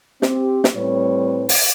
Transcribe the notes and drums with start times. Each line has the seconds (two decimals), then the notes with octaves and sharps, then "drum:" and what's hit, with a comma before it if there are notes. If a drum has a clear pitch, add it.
0.22 C4 G4, drum: snare
0.64 drum: snare
0.75 A2 G3 C4 B4 C#5
1.49 drum: open hi-hat